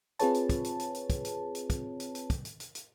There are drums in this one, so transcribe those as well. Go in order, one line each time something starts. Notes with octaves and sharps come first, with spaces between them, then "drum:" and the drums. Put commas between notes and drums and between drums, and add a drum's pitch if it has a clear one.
C4 F4 G#4 B4 C#5 A5, drum: hi-hat
drum: hi-hat
drum: kick, hi-hat
drum: hi-hat
drum: hi-hat
drum: hi-hat
drum: kick, hi-hat
drum: hi-hat
drum: hi-hat
drum: kick, hi-hat
drum: hi-hat
drum: hi-hat
drum: kick, hi-hat
drum: hi-hat
drum: hi-hat
drum: hi-hat